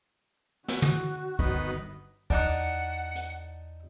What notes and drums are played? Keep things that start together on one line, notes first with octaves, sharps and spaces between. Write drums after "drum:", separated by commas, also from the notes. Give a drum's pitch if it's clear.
F#4, drum: snare
drum: tom
G1 G2 D#3 B3, drum: kick
E2 D4 D#4 D5 F#5 F#6, drum: kick
drum: hi-hat